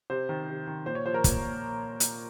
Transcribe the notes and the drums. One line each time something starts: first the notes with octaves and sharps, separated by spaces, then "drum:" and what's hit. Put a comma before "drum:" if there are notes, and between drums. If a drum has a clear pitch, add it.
C3 C5
D#3
C3
D#3
A#2 C5
C#5
F3 C5
A#4
A#2, drum: kick, hi-hat
drum: hi-hat